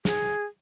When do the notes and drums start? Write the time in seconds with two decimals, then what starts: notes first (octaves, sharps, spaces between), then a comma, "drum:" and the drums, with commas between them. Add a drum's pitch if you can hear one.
0.05 G#4, drum: snare